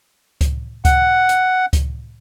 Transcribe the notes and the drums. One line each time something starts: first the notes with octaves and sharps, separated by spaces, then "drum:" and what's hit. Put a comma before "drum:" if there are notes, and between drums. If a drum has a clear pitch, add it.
drum: kick C#2, hi-hat
F#5, drum: kick C#2, hi-hat
drum: hi-hat
drum: kick C#2, hi-hat